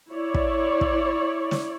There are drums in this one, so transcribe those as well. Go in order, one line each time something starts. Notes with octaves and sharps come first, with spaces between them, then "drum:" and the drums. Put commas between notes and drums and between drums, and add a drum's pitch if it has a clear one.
E4 C#5 D5
drum: kick
drum: kick
drum: snare